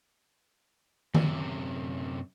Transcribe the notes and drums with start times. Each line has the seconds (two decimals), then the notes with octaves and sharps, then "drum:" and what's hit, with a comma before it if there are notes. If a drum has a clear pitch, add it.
1.14 F#2 C3, drum: tom D#3